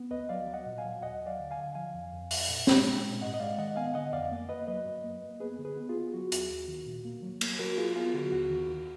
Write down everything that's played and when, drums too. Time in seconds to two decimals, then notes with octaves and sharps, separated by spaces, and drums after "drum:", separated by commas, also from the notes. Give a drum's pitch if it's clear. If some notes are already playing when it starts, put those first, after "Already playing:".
Already playing: B3
0.11 D2 B4 D#5
0.29 F#3 D5 F5
0.48 F#3
0.54 D#5 F#5
0.66 A#2
0.78 F5 G#5
0.85 F#3
1.02 D#2 D#5 F#5
1.21 D#2
1.26 D5 F5
1.40 D3
1.51 F5 G#5
1.58 D3
1.75 F3 F5 G#5
1.94 F2
2.12 F2
2.31 F2, drum: open hi-hat
2.49 A#2
2.67 G#3, drum: snare
2.85 G#3
3.03 A#2
3.22 G#2 D#5 F#5
3.34 D#5
3.40 G#3 D5 F5
3.59 D#3 D#5 F#5
3.76 B3 F5 G#5
3.94 D3 D#5 F#5
4.13 F2 D5 F5
4.32 A#3
4.49 A#3 B4 D#5
4.67 F#3 B4 D#5
4.86 F#2
5.04 A#3
5.22 A#3
5.40 B3 G#4 B4
5.59 D3
5.65 G#4 B4
5.77 B3
5.89 F4 G#4
5.96 B3
6.14 F#3 F#4
6.32 D#2, drum: hi-hat
6.50 D#2
6.68 D#3
6.86 A#2
7.05 A#3
7.22 F#3
7.41 A#3, drum: cymbal
7.59 F#3 F#4 A#4
7.78 F#3 F4 G#4
7.96 B3 F4 G#4
8.14 D3 F#4
8.32 D#2 F#4
8.50 D#3
8.69 D#2